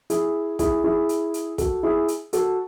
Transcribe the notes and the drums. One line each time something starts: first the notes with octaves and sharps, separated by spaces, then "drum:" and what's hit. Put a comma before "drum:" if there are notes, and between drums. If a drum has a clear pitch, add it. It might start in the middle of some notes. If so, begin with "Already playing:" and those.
E4 G#4, drum: hi-hat
E4 G#4, drum: kick, hi-hat
E4 G#4
drum: hi-hat
drum: hi-hat
F#4 A4, drum: kick, hi-hat
E4 G#4
drum: hi-hat
F#4 A4, drum: hi-hat